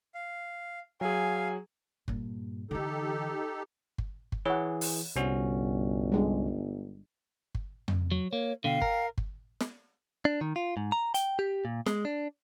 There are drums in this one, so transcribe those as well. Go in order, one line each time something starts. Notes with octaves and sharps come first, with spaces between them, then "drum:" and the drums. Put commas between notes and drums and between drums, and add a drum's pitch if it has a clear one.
F5
F#3 G#4 F5 G#5
G2 A#2, drum: kick G1
D3 E3 D#4 G4 A4
drum: kick G1
drum: kick G1
E3 G#4 C#5 F#5
drum: open hi-hat
G1 C2 C#4 F#4
G3 G#3 D4
drum: kick G1
drum: tom F2
F#3
A#3 C#5
B2 D3 F5 G5
A#4, drum: kick G1
drum: kick G1
drum: snare
D4
D#3
F4
G#2
A#5
G5, drum: hi-hat
G4
A#2
G#3, drum: snare
D4